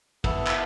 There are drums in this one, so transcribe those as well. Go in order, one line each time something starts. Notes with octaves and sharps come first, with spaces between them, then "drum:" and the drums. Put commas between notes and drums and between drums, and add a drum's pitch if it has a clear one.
B3 E4 A4, drum: kick, cymbal
drum: clap